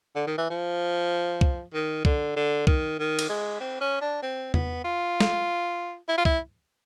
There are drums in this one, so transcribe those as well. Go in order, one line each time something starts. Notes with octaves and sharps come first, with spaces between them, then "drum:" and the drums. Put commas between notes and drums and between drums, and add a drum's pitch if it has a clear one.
D3
D#3
E3
F3
drum: kick C2
D#3
D3, drum: kick C2
D3
D#3, drum: kick C2
D#3
drum: cymbal
G#3
C4
C#4
D4
C4
B3, drum: tom E2
F4
drum: snare
E4
F4
E4, drum: kick C2